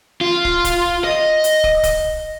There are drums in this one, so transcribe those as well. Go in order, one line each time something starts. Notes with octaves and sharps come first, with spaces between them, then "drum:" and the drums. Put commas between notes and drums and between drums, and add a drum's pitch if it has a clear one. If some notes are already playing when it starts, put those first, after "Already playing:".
F4
drum: kick
drum: kick, hi-hat
D#5
drum: hi-hat
drum: kick
drum: kick, hi-hat